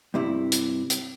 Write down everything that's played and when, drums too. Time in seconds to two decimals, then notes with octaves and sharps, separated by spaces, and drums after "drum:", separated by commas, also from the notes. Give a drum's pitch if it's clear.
0.14 G2 C3 E4
0.52 drum: hi-hat
0.90 drum: hi-hat